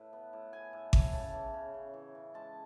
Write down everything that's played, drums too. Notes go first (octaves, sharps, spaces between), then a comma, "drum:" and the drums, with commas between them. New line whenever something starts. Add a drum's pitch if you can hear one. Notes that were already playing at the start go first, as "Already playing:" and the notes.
Already playing: A2 B4
B3
A2
B3 G#5
A2
A2, drum: kick G#1
C#3 A5
E3
C#3
C#3
E3
C#3
G#3 A5